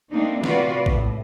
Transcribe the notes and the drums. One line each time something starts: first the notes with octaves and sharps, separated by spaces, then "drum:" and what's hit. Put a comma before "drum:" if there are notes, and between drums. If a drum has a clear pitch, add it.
A3 A#3 C4 D4 D#4
C3 A3 F4 F#4 B4 D5, drum: snare
A2, drum: kick A1